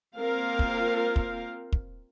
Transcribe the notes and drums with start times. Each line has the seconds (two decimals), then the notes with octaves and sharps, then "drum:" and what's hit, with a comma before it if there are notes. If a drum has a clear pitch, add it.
0.17 A#3 C4 F4 A#4 F5
0.59 drum: kick
1.16 drum: kick
1.73 drum: kick